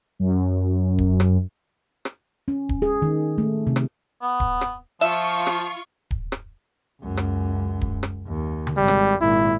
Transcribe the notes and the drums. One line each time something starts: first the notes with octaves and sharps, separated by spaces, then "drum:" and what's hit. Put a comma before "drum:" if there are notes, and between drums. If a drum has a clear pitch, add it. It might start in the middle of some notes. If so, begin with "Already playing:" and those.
F#2
drum: kick D1
drum: rim click
drum: rim click
C#4
drum: kick D1
G#4
D#3
A3
C3
drum: rim click
B3
drum: kick D1
drum: rim click
F3 F4 E5 C#6
drum: rim click
drum: kick D1
drum: rim click
C#2 F#2
drum: rim click
drum: kick D1
drum: rim click
D#2
drum: tom C#3
G#1 G3
drum: rim click
G#1 A#2 E4